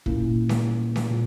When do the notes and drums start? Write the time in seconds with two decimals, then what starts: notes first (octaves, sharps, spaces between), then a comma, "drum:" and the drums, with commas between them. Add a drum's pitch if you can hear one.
0.06 A#2 A#3 C#4 E4, drum: kick
0.49 drum: snare C#4
0.96 drum: snare C#4
1.11 A#2